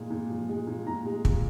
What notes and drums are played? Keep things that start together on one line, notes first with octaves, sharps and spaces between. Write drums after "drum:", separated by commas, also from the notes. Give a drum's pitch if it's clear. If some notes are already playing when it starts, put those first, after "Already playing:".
Already playing: A#2 G#3
A#2
F3
G#3
A#2
A#2 A#5
G#3
A#2, drum: kick